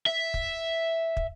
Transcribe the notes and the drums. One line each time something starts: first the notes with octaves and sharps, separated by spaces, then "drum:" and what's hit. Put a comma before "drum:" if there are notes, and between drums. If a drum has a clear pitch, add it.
E5
drum: kick
drum: kick